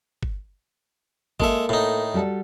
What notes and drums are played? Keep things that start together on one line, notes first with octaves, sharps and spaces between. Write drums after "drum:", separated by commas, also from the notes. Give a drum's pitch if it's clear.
drum: kick G1
G#3 A#3 A4 E5, drum: kick G1
A2 D#4
G3 F#4 A4